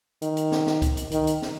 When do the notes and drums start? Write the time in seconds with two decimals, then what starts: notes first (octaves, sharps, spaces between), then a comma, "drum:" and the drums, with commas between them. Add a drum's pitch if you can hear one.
0.22 D#3, drum: hi-hat
0.37 drum: hi-hat
0.52 drum: snare
0.67 drum: snare
0.82 drum: kick C#2, hi-hat
0.97 drum: hi-hat
1.11 D#3, drum: hi-hat
1.27 drum: hi-hat
1.42 drum: snare